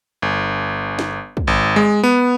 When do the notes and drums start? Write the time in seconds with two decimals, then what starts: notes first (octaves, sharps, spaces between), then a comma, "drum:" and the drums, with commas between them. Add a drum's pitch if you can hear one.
0.22 G1
0.99 drum: snare
1.37 drum: kick
1.47 G#1
1.76 G#3
2.03 B3